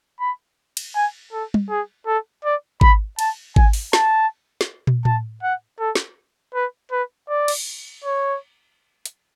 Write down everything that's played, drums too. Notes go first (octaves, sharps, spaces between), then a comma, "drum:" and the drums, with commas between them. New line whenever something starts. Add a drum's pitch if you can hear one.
B5
drum: cymbal
G#5
A4
drum: tom
G#4
A4
D5
B5, drum: kick G#1
A5, drum: cymbal
G#5, drum: kick G#1
drum: open hi-hat
A5, drum: snare
drum: snare
drum: tom
A5, drum: tom A2
F#5
A4
drum: snare
B4
B4
D5
drum: cymbal
C#5
drum: hi-hat